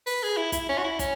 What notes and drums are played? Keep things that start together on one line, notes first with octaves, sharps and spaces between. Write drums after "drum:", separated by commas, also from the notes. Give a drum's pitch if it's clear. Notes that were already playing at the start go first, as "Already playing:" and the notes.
B4, drum: open hi-hat
G#4
E4
E4, drum: kick, hi-hat
C#4
F#4
E4
C#4, drum: kick, hi-hat